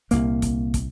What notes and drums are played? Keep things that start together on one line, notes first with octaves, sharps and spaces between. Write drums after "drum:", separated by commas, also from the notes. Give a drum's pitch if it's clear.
C2 A#2 A#3, drum: hi-hat
drum: kick, hi-hat
drum: kick, hi-hat